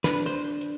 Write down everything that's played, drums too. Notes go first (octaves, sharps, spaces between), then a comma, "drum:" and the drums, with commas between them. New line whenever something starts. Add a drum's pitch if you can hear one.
D4 B4, drum: snare
C5
drum: hi-hat